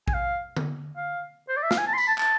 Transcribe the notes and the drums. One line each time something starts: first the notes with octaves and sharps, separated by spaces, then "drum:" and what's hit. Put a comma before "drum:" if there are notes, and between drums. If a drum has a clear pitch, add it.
G#5, drum: kick A1
F5
drum: tom D3
F5
C5
D5
E5
F5, drum: snare
G#5
A5
C6
B5, drum: tambourine
A5
A5, drum: clap